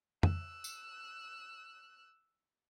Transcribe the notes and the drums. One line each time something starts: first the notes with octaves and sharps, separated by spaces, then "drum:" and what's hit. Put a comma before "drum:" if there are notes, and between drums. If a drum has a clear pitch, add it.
E6 F#6, drum: tom F2
drum: tambourine